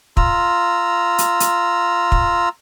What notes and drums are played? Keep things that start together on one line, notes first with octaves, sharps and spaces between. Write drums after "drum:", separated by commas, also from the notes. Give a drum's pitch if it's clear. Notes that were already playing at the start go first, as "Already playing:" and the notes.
F4 A#5 E6, drum: kick
drum: hi-hat
drum: hi-hat
drum: kick